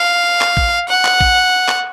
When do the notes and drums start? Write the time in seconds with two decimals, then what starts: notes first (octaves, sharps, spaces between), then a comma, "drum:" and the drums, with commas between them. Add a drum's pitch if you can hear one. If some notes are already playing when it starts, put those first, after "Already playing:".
Already playing: F5
0.41 drum: clap
0.57 drum: kick
0.89 F#5
1.05 drum: clap
1.21 drum: kick
1.68 drum: clap